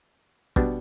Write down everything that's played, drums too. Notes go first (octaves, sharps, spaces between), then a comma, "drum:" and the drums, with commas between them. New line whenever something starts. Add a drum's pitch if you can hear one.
B2 G3 B3 D4, drum: kick